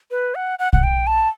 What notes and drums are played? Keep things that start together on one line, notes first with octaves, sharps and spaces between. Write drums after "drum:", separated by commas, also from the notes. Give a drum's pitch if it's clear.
B4
F#5
F#5
F#5, drum: kick
G5
A5